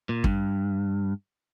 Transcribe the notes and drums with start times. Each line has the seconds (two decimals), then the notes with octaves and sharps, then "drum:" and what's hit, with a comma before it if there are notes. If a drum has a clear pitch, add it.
0.09 A#2
0.24 G2, drum: kick